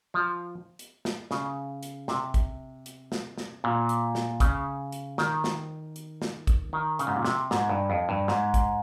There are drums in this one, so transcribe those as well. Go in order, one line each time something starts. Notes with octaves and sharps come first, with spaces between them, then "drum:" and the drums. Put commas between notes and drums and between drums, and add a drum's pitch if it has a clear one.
F3
drum: hi-hat
drum: snare
C#3, drum: snare
drum: hi-hat
C3, drum: snare
drum: kick, hi-hat
drum: hi-hat
drum: snare
drum: snare
A#2
drum: hi-hat
drum: snare
C#3, drum: kick, hi-hat
drum: hi-hat
D#3, drum: snare
drum: snare
drum: hi-hat
drum: snare
drum: kick, hi-hat
D#3
C#3, drum: hi-hat
G#2
A#2
C3, drum: snare
G#2, drum: snare
G2
F2
G2
G#2, drum: snare
drum: kick, hi-hat